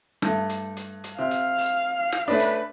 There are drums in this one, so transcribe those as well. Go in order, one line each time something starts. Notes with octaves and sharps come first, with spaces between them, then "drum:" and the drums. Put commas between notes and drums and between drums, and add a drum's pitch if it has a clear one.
G2 A3, drum: snare
drum: hi-hat
drum: hi-hat
drum: hi-hat
C3 F5
drum: hi-hat
drum: open hi-hat
drum: snare
A3 C#4 D4 B4
drum: hi-hat